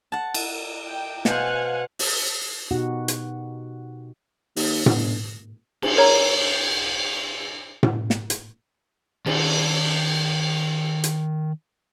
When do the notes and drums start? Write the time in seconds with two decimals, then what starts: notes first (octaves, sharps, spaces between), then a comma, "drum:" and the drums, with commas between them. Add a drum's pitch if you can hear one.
0.12 F#5 A5
0.34 drum: cymbal
0.87 G5
1.25 B2 C5 F5 F#5 G#5, drum: snare
1.99 drum: open hi-hat
2.71 B2 D#4 F#4 G4 F#5
3.08 drum: hi-hat
4.56 D#2, drum: open hi-hat
4.86 G1, drum: tom A2
5.82 drum: cymbal
5.97 A#4 C#5 A#5
7.83 drum: tom A2
8.10 drum: snare
8.30 drum: hi-hat
9.26 D#3 D5, drum: cymbal
11.04 drum: hi-hat